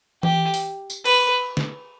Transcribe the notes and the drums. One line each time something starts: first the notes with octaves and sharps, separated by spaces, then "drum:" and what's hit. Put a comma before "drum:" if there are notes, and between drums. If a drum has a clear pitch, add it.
G4, drum: tom E3
drum: open hi-hat
drum: tambourine
B4, drum: cymbal
drum: snare